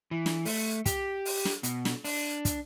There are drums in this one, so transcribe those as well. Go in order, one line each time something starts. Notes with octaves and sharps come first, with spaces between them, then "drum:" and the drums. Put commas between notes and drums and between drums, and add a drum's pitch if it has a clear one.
E3
drum: snare
A3, drum: open hi-hat
G4, drum: kick, hi-hat
drum: open hi-hat
drum: snare
B2, drum: hi-hat
drum: snare
D4, drum: open hi-hat
drum: kick, hi-hat